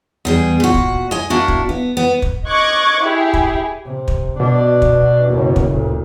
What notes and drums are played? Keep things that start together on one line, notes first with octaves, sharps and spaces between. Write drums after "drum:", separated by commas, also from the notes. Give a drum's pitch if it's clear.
E2 G3 G#4
A#2 F#4
drum: kick
D#5 G#5
A#3 D4 E4 F#4
drum: kick
B3
B3
drum: kick
D#5 C#6 D6 F#6 G#6
E4 G4 G#4
drum: kick
C3
drum: kick
B2 D4
drum: kick
F#1 D#2
drum: kick
D2 A#2